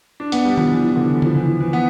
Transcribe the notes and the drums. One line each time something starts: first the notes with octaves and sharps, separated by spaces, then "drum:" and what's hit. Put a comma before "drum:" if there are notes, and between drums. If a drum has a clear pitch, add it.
D4
B3, drum: hi-hat
G3
F3, drum: tom D#3
E3
E3
D3
E3
F3, drum: tom C#3
E3
E3
B3